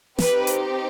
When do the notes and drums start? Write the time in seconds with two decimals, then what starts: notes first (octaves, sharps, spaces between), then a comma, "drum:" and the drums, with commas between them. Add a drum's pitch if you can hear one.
0.19 C4 D#4 G4 B4, drum: snare
0.47 drum: hi-hat